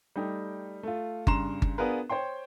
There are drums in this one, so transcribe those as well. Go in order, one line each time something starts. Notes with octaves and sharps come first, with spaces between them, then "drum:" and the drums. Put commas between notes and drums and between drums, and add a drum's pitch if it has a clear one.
G3 A3 D#4 G5
A3 F4
G2 C#3 A#5 C6 E7, drum: kick G1
drum: kick G1
B3 D4 F4 G#4 A#4 B4
C5 C#5 G5 C6